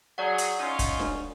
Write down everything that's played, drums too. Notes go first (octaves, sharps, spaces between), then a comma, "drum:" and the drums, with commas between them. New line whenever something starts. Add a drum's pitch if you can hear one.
F#3 G#4 D5 F#5
drum: hi-hat
C#4 D#4 F4
drum: kick, hi-hat
drum: snare D4